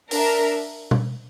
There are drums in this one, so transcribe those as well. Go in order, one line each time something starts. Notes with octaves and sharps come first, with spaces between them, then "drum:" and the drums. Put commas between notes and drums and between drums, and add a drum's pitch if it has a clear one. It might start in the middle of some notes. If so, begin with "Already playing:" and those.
D4 A#4 E5, drum: open hi-hat
drum: tom